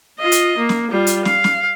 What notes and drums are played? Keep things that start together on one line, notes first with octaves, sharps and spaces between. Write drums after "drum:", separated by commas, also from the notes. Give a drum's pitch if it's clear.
F4 D#5
drum: hi-hat
A#3
drum: snare
G3 F4
drum: hi-hat
F5, drum: snare
drum: snare